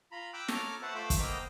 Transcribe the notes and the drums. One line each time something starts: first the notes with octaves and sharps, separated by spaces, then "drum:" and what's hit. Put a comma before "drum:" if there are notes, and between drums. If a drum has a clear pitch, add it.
F4 A#5 B5
G5 D6 E6 F#6
A4 C#5 A#5 D6 F6, drum: snare
B4 C5 E5 F#5 A5 C#6
A3 F4 C5 B5 D6 E6
drum: kick, hi-hat
A#3 B3 C5 D#5 G5 A#5